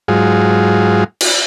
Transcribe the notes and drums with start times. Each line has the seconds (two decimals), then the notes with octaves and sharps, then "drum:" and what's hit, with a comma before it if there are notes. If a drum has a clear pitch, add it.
0.08 G#2 F#3 F4 G#4
1.21 drum: cymbal